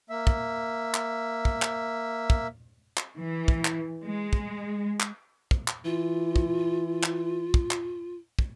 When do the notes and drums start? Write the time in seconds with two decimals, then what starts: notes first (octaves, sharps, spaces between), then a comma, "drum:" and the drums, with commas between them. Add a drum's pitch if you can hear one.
0.10 A#3 E5
0.27 drum: kick
0.94 drum: clap
1.45 drum: kick
1.62 drum: clap
2.30 drum: kick
2.97 drum: clap
3.18 E3
3.48 drum: kick
3.65 drum: clap
4.05 G#3
4.33 drum: kick
5.00 drum: clap
5.51 drum: kick
5.68 drum: clap
5.85 E3 F4
6.36 drum: kick
7.03 drum: clap
7.54 drum: kick
7.71 drum: clap
8.39 drum: kick